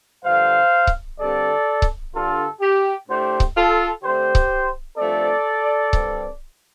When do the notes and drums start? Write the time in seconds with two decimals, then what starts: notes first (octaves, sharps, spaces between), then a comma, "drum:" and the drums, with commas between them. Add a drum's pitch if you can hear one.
0.24 G2 D3 F3 C5 F5
0.87 drum: kick C#1
1.19 G2 D3 G3 C4 A4 D5
1.82 drum: kick C#1
2.13 G2 D3 G3 D4 F4 A4
2.61 G4
3.08 A2 A3 D4 G4 C5
3.40 drum: kick C#1
3.55 F4 A4
4.03 D3 A3 C4 G4 C5
4.35 drum: kick C#1
4.97 G2 F3 A3 C4 A4 D5
5.93 G2 G3 C4, drum: kick C#1